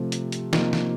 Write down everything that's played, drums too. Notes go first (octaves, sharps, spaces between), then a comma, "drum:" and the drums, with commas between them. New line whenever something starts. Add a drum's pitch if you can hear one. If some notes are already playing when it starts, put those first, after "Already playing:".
Already playing: C3 F3 A3
drum: hi-hat
drum: hi-hat
C3 F3 A#3 D#4, drum: snare
drum: snare